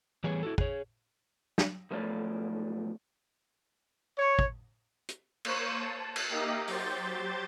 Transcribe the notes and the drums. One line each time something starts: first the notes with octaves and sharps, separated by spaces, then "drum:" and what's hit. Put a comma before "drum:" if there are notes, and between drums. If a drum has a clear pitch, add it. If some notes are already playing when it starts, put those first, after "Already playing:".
E3 G3 A3 B3 G#4 C#5
E4 F#4 A4
G#4 C#5, drum: kick
drum: snare
B1 G#2 F3 A3 C#5 D5
C#5
drum: kick
drum: hi-hat
A#3 C5 C#5 C#6 D#7 E7, drum: cymbal
A5
drum: cymbal
A#3 D#4 G4 A#4 D#5 E5
F#3 G4 C5 G6 A6, drum: open hi-hat